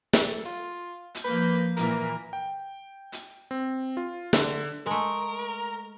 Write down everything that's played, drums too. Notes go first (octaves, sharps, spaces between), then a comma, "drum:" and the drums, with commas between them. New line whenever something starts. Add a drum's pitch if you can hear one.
A4, drum: snare
F4
drum: hi-hat
F3 A#3 B4 G6
A#2 E3 A#3 A#4, drum: hi-hat
G5
drum: hi-hat
C4
F4
D3, drum: snare
G#3 A3 A#4